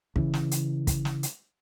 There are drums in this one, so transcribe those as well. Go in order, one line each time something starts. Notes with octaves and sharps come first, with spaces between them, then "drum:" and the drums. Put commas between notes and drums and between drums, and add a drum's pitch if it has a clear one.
C#3 E3, drum: kick
drum: snare
drum: hi-hat
drum: kick, hi-hat
drum: snare
drum: hi-hat